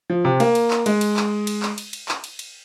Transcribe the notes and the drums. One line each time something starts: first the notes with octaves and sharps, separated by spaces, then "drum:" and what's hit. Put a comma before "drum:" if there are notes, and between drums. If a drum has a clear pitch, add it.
F3
C3
A#3, drum: cymbal
drum: cymbal
drum: clap
G#3, drum: cymbal
drum: cymbal
drum: clap
drum: cymbal
drum: clap
drum: cymbal
drum: cymbal
drum: clap
drum: cymbal
drum: cymbal